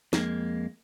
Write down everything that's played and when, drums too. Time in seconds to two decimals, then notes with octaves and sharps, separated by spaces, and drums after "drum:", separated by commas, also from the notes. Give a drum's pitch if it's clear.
0.13 F2 G#3 A#3, drum: snare